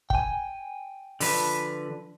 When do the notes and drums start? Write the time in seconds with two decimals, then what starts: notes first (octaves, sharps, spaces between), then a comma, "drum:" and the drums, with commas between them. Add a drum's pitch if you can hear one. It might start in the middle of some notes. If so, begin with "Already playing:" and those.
0.10 G5 G#5, drum: kick
1.20 D3 F3 B4, drum: open hi-hat